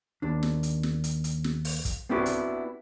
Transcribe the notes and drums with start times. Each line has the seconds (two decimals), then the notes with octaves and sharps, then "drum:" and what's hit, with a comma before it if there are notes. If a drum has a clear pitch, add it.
0.22 D#2 D4
0.43 drum: snare
0.63 drum: hi-hat
0.83 drum: snare
1.04 drum: hi-hat
1.24 drum: hi-hat
1.44 drum: snare
1.65 drum: open hi-hat
1.85 drum: kick, hi-hat
2.09 B3 C4 D4 E4 F#4 G4
2.26 drum: hi-hat